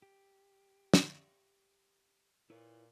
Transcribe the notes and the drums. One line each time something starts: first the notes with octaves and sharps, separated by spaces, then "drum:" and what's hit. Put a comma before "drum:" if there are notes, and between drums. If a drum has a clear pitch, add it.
G4
drum: snare
A#2 E4 B4 C#5